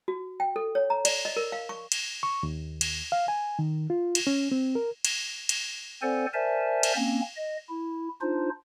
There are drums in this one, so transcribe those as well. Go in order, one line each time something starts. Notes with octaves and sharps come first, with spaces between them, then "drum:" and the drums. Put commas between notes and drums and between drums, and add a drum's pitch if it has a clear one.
F#4
G5
A4
C#5
A#5
D5, drum: cymbal
D#5
A#4
F5
C#6
drum: cymbal
C#6
D#2
drum: cymbal
F5
G#5
D#3
F4
drum: cymbal
C#4
C4
A#4
drum: cymbal
drum: cymbal
C4 A4 C5 D5 F#5 G#5
A#4 C5 D5 E5 G#5 A5
drum: cymbal
A#3 C4 C#4
D#5
E4
D4 D#4 F4 C5